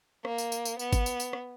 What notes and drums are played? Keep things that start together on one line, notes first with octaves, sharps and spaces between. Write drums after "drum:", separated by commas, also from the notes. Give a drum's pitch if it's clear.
A#3, drum: rim click
drum: tambourine
drum: tambourine
drum: tambourine
B3, drum: tambourine
drum: kick, tambourine
drum: tambourine
drum: tambourine
drum: rim click